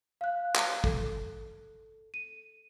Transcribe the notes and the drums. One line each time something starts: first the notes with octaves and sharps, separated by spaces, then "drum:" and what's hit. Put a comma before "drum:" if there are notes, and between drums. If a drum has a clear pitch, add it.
F5 F#6
drum: clap
A4, drum: kick
D#7